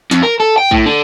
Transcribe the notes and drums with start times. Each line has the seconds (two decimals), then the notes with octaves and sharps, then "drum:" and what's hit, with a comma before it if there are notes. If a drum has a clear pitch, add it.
0.11 F2, drum: snare
0.23 A#4
0.40 A4
0.57 G5
0.71 A2, drum: kick
0.86 D3